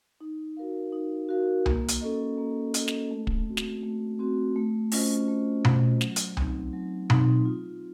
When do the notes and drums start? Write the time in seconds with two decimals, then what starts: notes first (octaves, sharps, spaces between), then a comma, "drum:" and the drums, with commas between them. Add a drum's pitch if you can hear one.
0.21 D#4
0.57 F#4 A#4 F5
0.92 D#4
1.29 F#4 A#4 F5
1.66 A#3, drum: tom C2
1.88 drum: hi-hat
2.01 C#4 A4 D#5
2.38 A#3
2.74 C#4 A4 D#5, drum: hi-hat
2.88 drum: snare
3.11 A3
3.27 drum: kick
3.47 C4 F#4
3.57 drum: snare
3.83 A3
4.19 C4 F#4
4.56 A3
4.92 C#4 F4 C5 D#5, drum: open hi-hat
5.28 A3
5.65 C#4 F4 C5 D#5, drum: tom B2
6.01 F#3, drum: snare
6.16 drum: hi-hat
6.37 C4 D#4, drum: tom C2
6.73 F#3
7.10 C4 D#4, drum: tom B2
7.45 F4